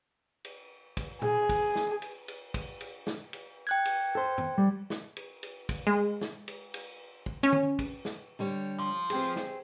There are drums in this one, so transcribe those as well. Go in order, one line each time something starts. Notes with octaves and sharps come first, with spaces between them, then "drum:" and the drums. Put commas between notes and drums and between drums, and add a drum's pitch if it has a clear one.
drum: cymbal
drum: kick, cymbal
G#4, drum: tom
drum: kick, cymbal
drum: snare
drum: cymbal
drum: cymbal
drum: kick, cymbal
drum: cymbal
drum: snare
drum: cymbal
G5 F#6 G#6
drum: cymbal
A4 C5
drum: tom F#2
G3
drum: snare
drum: cymbal
drum: cymbal
drum: kick, cymbal
G#3
drum: snare
drum: cymbal
drum: cymbal
drum: kick
C#4
drum: tom D3
drum: kick, cymbal
drum: snare
D3 G3 C#5
F3
C4 G4 G#4, drum: cymbal
drum: snare